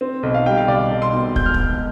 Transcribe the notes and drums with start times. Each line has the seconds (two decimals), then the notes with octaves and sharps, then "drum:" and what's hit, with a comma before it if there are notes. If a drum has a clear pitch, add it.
0.01 C4
0.23 B1
0.34 F5
0.46 G3 G5
0.57 F5
0.68 B1 D5
0.91 B1
1.02 C6
1.14 B2
1.36 G#2 G6, drum: kick
1.46 F6
1.54 G#2 G6, drum: kick